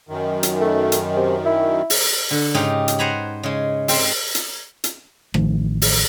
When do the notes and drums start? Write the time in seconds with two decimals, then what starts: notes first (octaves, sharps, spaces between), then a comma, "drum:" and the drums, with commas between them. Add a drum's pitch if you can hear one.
0.09 F#2 D#3
0.43 drum: hi-hat
0.61 A3
0.92 drum: hi-hat
1.16 C3
1.46 E4
1.90 drum: open hi-hat
2.31 D3
2.54 G#2 C#3 D#4 G4
2.88 drum: hi-hat
2.99 C5 F#5 G#5 A#5 B5
3.43 C#3 G#3
3.88 C4 C5, drum: open hi-hat
4.35 drum: hi-hat
4.84 drum: hi-hat
5.34 A1 D#3 F3 A3, drum: rim click
5.82 drum: open hi-hat